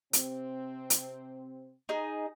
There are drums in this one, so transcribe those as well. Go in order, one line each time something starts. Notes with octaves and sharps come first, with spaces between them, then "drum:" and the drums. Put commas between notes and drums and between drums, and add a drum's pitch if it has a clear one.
C3 C4, drum: hi-hat
drum: hi-hat
D#4 G#4